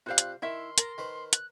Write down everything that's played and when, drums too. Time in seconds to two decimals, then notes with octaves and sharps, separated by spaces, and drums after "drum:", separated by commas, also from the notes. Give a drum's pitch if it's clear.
0.06 C3 G3 F4 C5 F5 F#6
0.18 drum: hi-hat
0.42 D#3 E4 E5 C6
0.78 A#4 A5 A#5, drum: hi-hat
0.98 D#3 B4 C5
1.33 F#6, drum: hi-hat